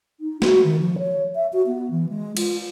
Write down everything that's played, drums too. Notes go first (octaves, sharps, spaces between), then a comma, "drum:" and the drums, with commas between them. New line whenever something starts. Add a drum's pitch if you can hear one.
D#4
F#4, drum: snare
D#3
F3
C#5
E5
F#4
B3
E3
G#3
F4, drum: cymbal